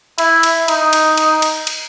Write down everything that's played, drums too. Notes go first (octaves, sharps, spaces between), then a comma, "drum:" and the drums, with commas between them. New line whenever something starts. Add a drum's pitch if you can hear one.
E4, drum: cymbal
drum: cymbal
D#4, drum: cymbal
drum: cymbal
drum: cymbal
drum: cymbal
drum: cymbal